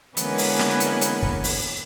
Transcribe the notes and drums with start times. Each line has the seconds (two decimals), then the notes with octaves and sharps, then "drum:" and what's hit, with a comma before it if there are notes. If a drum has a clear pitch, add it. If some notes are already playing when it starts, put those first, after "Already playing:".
0.17 D3 E3 G#3 A#3 B3 C#4, drum: hi-hat
0.38 drum: open hi-hat
0.59 drum: snare
0.80 drum: hi-hat
1.01 drum: hi-hat
1.23 drum: kick
1.44 drum: open hi-hat